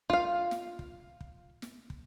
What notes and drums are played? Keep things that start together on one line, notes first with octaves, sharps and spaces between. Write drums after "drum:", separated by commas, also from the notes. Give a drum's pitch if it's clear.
F4 F5, drum: kick
drum: snare
drum: kick
drum: kick
drum: snare
drum: kick